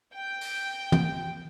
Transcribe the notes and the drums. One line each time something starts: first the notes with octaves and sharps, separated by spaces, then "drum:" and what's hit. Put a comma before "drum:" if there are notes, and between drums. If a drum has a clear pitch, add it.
G5
drum: open hi-hat
drum: tom